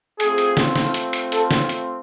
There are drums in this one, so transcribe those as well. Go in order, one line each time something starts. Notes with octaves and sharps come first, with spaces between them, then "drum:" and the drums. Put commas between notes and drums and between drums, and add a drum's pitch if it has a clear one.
A3 C4 F4 G#4, drum: hi-hat
drum: hi-hat
drum: snare
drum: snare
drum: hi-hat
drum: hi-hat
A4, drum: hi-hat
drum: snare
drum: hi-hat